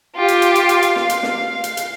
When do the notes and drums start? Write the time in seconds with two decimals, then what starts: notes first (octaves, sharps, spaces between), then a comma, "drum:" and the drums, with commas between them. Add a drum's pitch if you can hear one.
0.16 F4 G4
0.28 drum: hi-hat
0.42 drum: hi-hat
0.55 drum: hi-hat
0.69 drum: hi-hat
0.82 F5, drum: hi-hat
0.96 drum: snare
1.10 drum: hi-hat
1.23 drum: snare
1.64 drum: hi-hat
1.77 drum: hi-hat